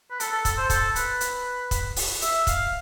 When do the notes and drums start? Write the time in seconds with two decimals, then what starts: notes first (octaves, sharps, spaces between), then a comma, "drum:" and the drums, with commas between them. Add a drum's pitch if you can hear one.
0.11 B4
0.20 A4, drum: hi-hat
0.32 A4
0.45 A4, drum: kick, hi-hat
0.57 C5
0.70 A4, drum: kick, hi-hat
0.96 B4, drum: hi-hat
1.21 drum: hi-hat
1.71 drum: kick, hi-hat
1.96 drum: open hi-hat
2.21 E5, drum: hi-hat
2.47 F5, drum: kick, hi-hat